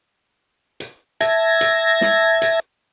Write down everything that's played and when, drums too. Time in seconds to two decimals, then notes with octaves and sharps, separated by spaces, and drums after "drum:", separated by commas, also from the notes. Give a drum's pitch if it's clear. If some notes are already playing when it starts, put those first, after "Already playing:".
0.80 drum: hi-hat
1.20 E5 A5 G#6 A#6, drum: hi-hat
1.61 drum: hi-hat
2.01 drum: snare
2.42 drum: hi-hat